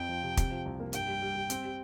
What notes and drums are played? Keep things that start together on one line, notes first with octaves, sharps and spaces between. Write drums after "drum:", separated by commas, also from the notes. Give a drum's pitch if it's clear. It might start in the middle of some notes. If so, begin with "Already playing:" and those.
Already playing: F2 C4 G5
F3
C3
C3, drum: kick, hi-hat
F3
C2
A#3
G2 G5, drum: hi-hat
G3
G3
G3
C4, drum: hi-hat
G3